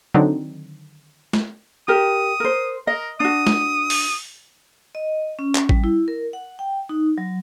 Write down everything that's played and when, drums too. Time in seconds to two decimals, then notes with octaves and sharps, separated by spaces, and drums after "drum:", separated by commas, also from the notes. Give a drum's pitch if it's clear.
0.14 D3 D#3 F#3 C4 D4 D#4
1.33 drum: snare
1.88 G4 A#4 D#6
2.40 A#4 C5
2.87 A#4 D#5
3.20 D4 F#4 D#6
3.47 drum: snare
3.90 drum: open hi-hat
4.95 D#5
5.39 C#4
5.55 drum: clap
5.69 G3, drum: kick A1
5.84 E4
6.08 A#4
6.33 F#5
6.59 G5
6.89 D#4
7.18 F#3